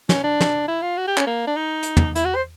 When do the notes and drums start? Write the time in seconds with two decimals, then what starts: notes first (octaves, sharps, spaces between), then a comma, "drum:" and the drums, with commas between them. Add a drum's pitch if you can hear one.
0.09 C#4, drum: snare
0.24 D4
0.41 drum: snare
0.68 E4
0.82 F4
0.97 F#4
1.07 G4
1.18 C#4, drum: clap
1.27 A#3
1.47 D4
1.56 D#4
1.83 drum: hi-hat
1.97 drum: tom
2.15 E4, drum: hi-hat
2.25 F#4
2.35 C5